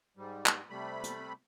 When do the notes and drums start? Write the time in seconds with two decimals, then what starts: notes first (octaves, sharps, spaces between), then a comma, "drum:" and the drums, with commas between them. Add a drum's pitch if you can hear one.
0.17 G#2 G3
0.46 drum: clap
0.70 C3 G3 A3 B5
1.04 drum: hi-hat